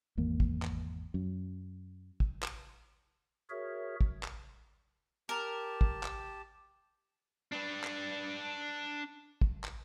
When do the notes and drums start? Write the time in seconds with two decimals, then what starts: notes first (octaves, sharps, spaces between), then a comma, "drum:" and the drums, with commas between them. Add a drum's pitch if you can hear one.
0.17 G#1 E2 A#3
0.40 drum: kick
0.62 drum: clap
1.14 F#2
2.20 drum: kick
2.43 drum: clap
3.50 F#4 G#4 A#4 C#5 E5
4.01 drum: kick
4.23 drum: clap
5.29 G4 A#4 A5
5.81 drum: kick
6.03 drum: clap
7.53 D4 B4
7.84 drum: clap
9.41 drum: kick
9.64 drum: clap